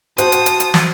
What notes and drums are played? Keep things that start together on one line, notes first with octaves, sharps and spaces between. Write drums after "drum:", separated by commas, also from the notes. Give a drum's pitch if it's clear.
F#4 C5 F#5 G5 A5 D#6, drum: hi-hat
drum: hi-hat
drum: hi-hat
drum: hi-hat
drum: snare